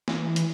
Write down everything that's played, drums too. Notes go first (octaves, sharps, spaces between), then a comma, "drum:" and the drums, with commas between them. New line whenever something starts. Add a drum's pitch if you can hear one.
E3, drum: snare
drum: hi-hat